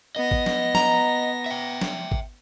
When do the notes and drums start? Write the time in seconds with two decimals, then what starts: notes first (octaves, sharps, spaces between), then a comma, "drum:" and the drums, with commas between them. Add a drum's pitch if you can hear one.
0.16 B3 D#5 A#6
0.31 drum: kick G#1
0.46 drum: snare
0.75 A#5, drum: snare
1.46 E5 G5
1.81 drum: snare
2.12 drum: kick G#1